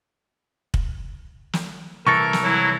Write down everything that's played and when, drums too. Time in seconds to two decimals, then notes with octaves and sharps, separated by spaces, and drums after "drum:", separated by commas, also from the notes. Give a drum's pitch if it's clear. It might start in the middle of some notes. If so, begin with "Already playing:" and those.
0.74 drum: kick
1.53 drum: snare
2.07 C2 E3 A4 A#4 C#6
2.33 drum: snare
2.44 F#3 E4